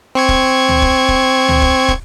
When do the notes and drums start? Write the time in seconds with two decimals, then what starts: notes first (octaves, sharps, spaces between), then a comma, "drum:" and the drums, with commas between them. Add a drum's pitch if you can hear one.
0.15 C4 C#6 G#6
0.29 drum: kick
0.69 drum: tom C#2
0.82 drum: kick
1.09 drum: kick
1.49 drum: tom C#2
1.62 drum: kick
1.88 drum: kick